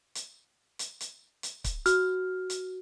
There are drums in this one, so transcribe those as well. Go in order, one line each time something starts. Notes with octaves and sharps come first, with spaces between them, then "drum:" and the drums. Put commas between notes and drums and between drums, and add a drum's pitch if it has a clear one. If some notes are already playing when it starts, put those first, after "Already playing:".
drum: hi-hat
drum: hi-hat
drum: hi-hat
drum: hi-hat
drum: kick C#1, hi-hat
F#4 F6, drum: hi-hat
drum: hi-hat